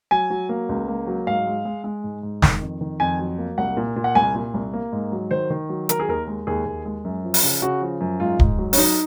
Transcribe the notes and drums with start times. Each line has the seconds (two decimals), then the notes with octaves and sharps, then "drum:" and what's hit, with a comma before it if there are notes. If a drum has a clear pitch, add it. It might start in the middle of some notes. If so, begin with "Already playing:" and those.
0.11 F#3 G#5
0.30 F#3
0.49 A#3
0.69 C#2
0.88 A#3
1.07 F#3
1.27 G#2 F5
1.46 G#3
1.65 G#3
1.84 G#3
2.04 G#2
2.23 G#2
2.42 D#3, drum: snare
2.61 F2
2.81 D#3
3.00 F2 G#5
3.19 F#3
3.38 A#3
3.58 C2 F#5
3.77 A#2
3.96 A#2
4.04 F#5
4.15 C2 G#5
4.34 A#2
4.54 C2
4.73 A#3
4.93 G#2
5.12 F#3
5.31 D#3 C5
5.50 D#3
5.69 F#3
5.89 D#3 A#4, drum: hi-hat
6.00 G#4
6.08 D#2 A#4
6.28 G#3
6.47 D#2 G#4
6.65 D#2
6.85 G#3
7.04 F#2
7.24 F3
7.34 drum: open hi-hat
7.43 C#3
7.62 C#3 F#4
7.82 F3
8.00 F#2
8.20 G#2 F4
8.39 G#2, drum: kick
8.58 F#3
8.73 C#4, drum: open hi-hat
8.78 F#3 D#4